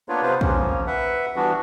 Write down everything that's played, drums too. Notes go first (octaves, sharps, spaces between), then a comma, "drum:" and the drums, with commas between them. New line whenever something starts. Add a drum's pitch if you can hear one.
A#3 B3 D4 F4 B4 C#5
C3 B3 F4 B4 C5
C#3 F3 A#3 C#4, drum: kick
B4 E5 F#5
E3 G3 B3 D4 F#4